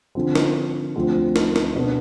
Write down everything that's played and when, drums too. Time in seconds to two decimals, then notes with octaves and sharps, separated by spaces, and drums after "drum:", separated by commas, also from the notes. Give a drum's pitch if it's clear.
0.15 D3 F3 C4
0.35 drum: snare
0.96 D2 D3 F3 C4
1.36 drum: snare
1.56 drum: snare
1.75 B2 B3 D4